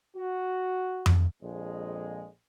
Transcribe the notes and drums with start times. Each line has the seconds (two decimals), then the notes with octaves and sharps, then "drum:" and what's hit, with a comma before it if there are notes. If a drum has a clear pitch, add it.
0.16 F#4
1.06 drum: tom F2
1.42 A#1 F2 G#3